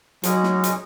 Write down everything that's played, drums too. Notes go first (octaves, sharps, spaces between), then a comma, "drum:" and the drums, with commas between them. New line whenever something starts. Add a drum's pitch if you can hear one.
F#3 G#3 C#4 D#4, drum: hi-hat
drum: snare
drum: hi-hat